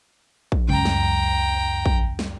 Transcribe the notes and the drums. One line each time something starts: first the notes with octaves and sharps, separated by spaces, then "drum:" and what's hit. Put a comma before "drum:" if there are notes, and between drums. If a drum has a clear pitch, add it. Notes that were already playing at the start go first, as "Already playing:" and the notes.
drum: kick A#1
C#2 F#2 G5 A#5
drum: snare
drum: kick A#1
drum: snare